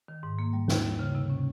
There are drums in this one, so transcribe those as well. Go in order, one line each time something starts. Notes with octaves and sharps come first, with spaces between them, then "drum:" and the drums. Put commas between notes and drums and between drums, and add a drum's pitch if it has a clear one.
D#3
G#2
A#3
G3
D#2, drum: snare
G3
C#3
C3
C#4